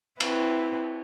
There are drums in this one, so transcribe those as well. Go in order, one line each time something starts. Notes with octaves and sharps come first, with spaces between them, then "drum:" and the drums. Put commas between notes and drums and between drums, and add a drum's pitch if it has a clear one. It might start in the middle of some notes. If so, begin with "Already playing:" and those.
C4 E4 B4, drum: cymbal